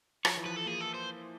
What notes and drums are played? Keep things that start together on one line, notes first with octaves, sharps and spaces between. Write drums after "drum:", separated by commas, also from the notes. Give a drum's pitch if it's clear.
F3 C#5, drum: rim click
E3
F3 B4
A4
A#3 G#4
A4
C5